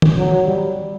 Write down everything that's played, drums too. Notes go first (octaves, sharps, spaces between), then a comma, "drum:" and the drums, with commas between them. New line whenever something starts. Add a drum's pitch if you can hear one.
drum: tom
F#3
G3